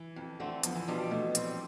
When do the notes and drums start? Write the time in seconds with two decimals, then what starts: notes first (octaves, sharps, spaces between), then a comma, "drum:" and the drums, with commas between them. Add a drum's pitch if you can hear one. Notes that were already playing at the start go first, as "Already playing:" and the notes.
Already playing: E3
0.16 F2
0.40 D3 A3 C4
0.63 E2 F3, drum: hi-hat
0.75 E3
0.88 B2 F3 G3 D4 F4
1.11 B2 A3
1.35 G3 C4, drum: hi-hat